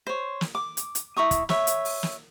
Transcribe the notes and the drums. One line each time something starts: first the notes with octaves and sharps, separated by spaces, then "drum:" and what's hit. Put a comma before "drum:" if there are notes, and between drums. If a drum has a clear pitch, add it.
C5 C#5
drum: snare
D6
drum: hi-hat
drum: hi-hat
E4 A#5 C#6 D#6
drum: kick, hi-hat
B4 C#5 E5, drum: snare
drum: hi-hat
drum: open hi-hat
drum: snare